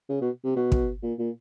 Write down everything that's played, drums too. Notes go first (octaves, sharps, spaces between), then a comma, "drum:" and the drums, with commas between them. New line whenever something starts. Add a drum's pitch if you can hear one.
C#3
B2
C3
B2
drum: kick
A#2
A#2